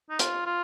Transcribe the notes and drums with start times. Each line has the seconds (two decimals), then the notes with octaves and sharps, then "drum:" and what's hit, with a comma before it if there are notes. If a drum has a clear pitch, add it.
0.10 D#4
0.19 F4, drum: hi-hat
0.46 F4